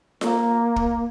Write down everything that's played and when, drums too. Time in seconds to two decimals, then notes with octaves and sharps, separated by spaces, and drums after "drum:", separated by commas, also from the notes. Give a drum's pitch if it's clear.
0.21 A#3, drum: snare F4
0.76 drum: kick